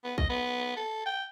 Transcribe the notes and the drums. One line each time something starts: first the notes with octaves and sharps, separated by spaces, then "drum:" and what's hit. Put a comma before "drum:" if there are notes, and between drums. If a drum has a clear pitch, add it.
B3
D#5, drum: kick
B3
A4
G5